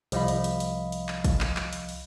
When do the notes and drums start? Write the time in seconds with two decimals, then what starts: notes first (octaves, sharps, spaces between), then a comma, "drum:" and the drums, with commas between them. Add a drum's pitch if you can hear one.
0.12 C2 F3 D#5 F5 B5, drum: hi-hat
0.28 drum: hi-hat
0.44 drum: hi-hat
0.60 drum: hi-hat
0.92 drum: hi-hat
1.08 drum: clap
1.24 drum: kick, hi-hat
1.41 drum: clap
1.57 drum: clap
1.73 drum: hi-hat
1.89 drum: open hi-hat